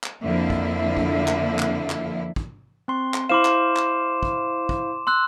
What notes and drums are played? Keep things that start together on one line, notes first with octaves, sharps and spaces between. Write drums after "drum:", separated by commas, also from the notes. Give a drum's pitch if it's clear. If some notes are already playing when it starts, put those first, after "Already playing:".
drum: clap
F2 D3 F3 A#3 E4
drum: kick
drum: kick
drum: clap
drum: clap
drum: clap
drum: kick
C4 C6
drum: clap
E4 C5 F5 C6 D6 E7
drum: clap
drum: clap
drum: kick
drum: kick
C6 E6 F#6